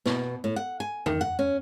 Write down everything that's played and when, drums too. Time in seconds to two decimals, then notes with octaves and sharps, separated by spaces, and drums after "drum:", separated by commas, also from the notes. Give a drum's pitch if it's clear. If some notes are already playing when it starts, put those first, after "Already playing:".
0.06 B2, drum: snare
0.44 A2
0.56 F#5
0.80 G#5
1.06 D#3, drum: tom E2
1.21 F#5
1.39 C#4